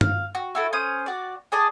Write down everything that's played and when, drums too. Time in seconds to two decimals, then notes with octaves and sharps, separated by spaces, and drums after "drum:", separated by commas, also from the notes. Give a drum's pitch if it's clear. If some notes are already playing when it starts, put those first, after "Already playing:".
0.01 F5, drum: tom G2
0.35 F#4
0.55 E4 F#4 A4
0.73 C#4 C5 D#6
1.06 F#4 D5
1.52 G#4 D5 D#5 A5